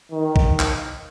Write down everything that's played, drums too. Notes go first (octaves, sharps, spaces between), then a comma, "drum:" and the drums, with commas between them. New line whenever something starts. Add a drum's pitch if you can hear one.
D#3
drum: kick B1
drum: clap